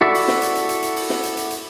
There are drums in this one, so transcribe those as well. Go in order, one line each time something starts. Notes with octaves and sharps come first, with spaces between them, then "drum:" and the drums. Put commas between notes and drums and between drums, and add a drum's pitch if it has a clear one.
E4 F#4 A4 D5 E5
drum: open hi-hat
drum: snare
drum: hi-hat
drum: hi-hat
drum: hi-hat
drum: hi-hat
drum: open hi-hat
drum: snare
drum: hi-hat
drum: hi-hat
drum: hi-hat